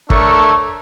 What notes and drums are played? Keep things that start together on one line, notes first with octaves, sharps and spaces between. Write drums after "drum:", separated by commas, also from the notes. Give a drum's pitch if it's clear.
A3 D4 A4 A#4 C#5 C#6, drum: kick